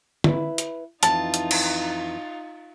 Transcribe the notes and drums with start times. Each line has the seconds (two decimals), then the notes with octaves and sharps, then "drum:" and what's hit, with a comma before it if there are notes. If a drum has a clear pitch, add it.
0.24 E4 B4, drum: tom
0.58 drum: hi-hat
1.03 F2 E3 D#4 F4 A5, drum: hi-hat
1.34 drum: hi-hat
1.51 drum: cymbal